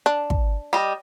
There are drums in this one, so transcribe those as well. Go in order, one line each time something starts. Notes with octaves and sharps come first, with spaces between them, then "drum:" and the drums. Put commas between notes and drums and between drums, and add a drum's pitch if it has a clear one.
D4
drum: kick
G3 D#5